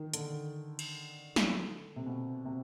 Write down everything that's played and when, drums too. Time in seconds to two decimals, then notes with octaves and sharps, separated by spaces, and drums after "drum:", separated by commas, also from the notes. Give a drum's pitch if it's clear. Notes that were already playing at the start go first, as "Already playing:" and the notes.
Already playing: D#3
0.14 D3, drum: hi-hat
0.79 drum: cymbal
1.36 drum: snare
1.96 C3
2.06 B2
2.45 C3